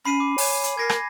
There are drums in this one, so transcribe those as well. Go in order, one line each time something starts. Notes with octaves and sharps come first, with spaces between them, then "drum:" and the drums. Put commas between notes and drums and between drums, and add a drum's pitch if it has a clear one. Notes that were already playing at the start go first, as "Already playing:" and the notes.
C#4 B5 C7 D#7
D6
C#5 G#5, drum: open hi-hat
drum: hi-hat
A#4 G#6 A#6 C7
drum: rim click